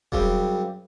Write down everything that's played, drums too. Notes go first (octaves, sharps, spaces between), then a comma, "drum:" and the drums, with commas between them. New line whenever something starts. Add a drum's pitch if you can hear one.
F#2 C#3 G3 C4, drum: kick E1